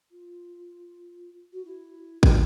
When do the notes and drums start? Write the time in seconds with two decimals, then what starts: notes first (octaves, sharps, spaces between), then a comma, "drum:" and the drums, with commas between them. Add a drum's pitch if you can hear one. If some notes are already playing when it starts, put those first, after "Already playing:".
0.11 F4
1.52 F#4
1.65 E4
2.23 G4, drum: kick G#1